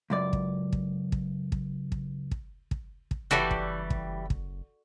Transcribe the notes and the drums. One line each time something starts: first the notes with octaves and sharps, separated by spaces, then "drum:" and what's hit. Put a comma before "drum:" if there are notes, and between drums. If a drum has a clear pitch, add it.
C#2 F#2 D5
drum: kick
drum: kick
drum: kick
drum: kick
drum: kick
drum: kick
drum: kick
drum: kick
F#1 E3 G3 F#4 A4 D5
drum: kick
drum: kick
drum: kick